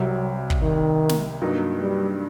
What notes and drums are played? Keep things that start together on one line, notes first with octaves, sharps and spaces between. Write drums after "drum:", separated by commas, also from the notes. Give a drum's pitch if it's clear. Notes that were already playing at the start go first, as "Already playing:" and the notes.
Already playing: C2 C3 F#3 G3
drum: kick
D#3
drum: snare
G2 F#3 A#3 D#4
G3